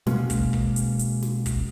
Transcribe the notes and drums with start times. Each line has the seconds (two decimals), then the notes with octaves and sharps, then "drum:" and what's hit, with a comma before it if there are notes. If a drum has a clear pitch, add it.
0.06 B2 G#3 A#3 C#4, drum: snare
0.30 drum: kick, hi-hat
0.53 drum: kick
0.76 drum: hi-hat
0.99 drum: hi-hat
1.22 drum: snare
1.46 drum: kick, hi-hat